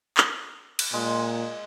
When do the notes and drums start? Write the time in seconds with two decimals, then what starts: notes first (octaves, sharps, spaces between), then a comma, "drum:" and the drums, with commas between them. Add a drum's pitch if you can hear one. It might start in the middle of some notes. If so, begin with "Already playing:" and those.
0.17 drum: clap
0.79 drum: cymbal
0.93 A#2 G#3